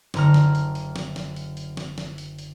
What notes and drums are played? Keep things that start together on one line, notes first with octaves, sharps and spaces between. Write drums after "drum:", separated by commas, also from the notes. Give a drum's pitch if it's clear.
F#1 D3 A#5 F6, drum: snare
drum: snare
drum: hi-hat
drum: hi-hat
drum: snare
drum: snare
drum: hi-hat
drum: hi-hat
drum: snare
drum: snare
drum: hi-hat
drum: hi-hat